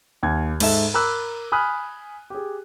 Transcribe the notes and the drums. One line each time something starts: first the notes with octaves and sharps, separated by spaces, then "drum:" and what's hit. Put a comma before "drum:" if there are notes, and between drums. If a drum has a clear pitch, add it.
D#2 G#6
G#2 D#4 A4 E5 E7, drum: cymbal
A#4 A#5 B5 D6 E6 F#6
G#5 B5 D#6 F6 F#6
G4 G#4